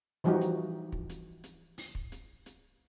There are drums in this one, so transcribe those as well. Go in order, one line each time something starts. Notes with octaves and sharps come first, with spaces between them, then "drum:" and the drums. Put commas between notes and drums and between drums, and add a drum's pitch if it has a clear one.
E3 F3 G3 D#4 F#4
drum: hi-hat
drum: kick
drum: hi-hat
drum: hi-hat
drum: open hi-hat
drum: kick
drum: hi-hat
drum: hi-hat